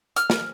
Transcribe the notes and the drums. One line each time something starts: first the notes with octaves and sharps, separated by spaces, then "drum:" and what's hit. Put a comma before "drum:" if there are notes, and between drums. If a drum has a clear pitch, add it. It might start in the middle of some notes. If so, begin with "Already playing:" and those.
F6, drum: hi-hat
drum: snare